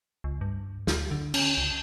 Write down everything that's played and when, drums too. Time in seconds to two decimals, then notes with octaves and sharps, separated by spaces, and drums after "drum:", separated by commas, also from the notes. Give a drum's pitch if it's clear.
0.24 C#2
0.41 G2
0.87 D2, drum: snare
1.11 D3
1.34 C#4, drum: cymbal
1.58 C#2